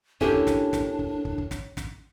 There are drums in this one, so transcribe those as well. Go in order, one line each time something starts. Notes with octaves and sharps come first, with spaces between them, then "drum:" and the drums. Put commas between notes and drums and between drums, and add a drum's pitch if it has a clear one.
A#3 C#4 D4 E4 G4 A4, drum: kick
drum: kick
drum: snare
drum: snare
drum: kick
drum: kick
drum: kick
drum: snare
drum: snare